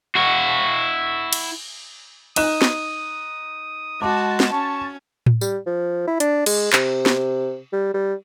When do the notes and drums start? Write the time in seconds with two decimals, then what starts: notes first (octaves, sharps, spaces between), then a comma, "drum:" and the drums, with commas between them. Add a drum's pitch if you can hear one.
0.15 E4 F#4
1.33 drum: cymbal
2.36 D#4 D#6 F#6 E7, drum: cymbal
2.62 drum: snare
4.02 G#3 F#4 A5 D6
4.40 drum: snare
4.53 C#4 C#6
5.26 drum: tom A2
5.41 G3, drum: tambourine
5.66 F3
6.07 E4
6.20 D4, drum: hi-hat
6.46 G#3, drum: cymbal
6.73 C3, drum: clap
7.06 drum: snare
7.73 G3
7.94 G3